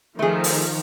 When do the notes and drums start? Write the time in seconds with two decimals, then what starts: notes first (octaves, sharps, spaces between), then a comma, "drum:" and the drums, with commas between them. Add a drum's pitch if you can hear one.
0.19 D#3 F3 A3 G#4
0.44 drum: open hi-hat